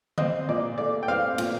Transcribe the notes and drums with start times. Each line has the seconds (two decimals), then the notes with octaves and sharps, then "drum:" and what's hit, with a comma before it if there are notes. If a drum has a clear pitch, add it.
0.18 C4 D#5, drum: tom D3
0.49 A#2 D5
0.78 A3 D5
1.03 G5
1.08 C4 F5
1.38 A#2, drum: cymbal